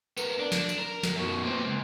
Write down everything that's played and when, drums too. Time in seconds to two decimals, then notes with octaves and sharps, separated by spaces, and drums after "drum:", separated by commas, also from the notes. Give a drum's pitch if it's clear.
0.17 B3 A#4, drum: tambourine
0.39 D4
0.52 drum: snare
0.69 drum: tambourine
0.78 A#4
1.03 drum: snare
1.16 F#2 B2
1.44 A#2 C4
1.64 C#2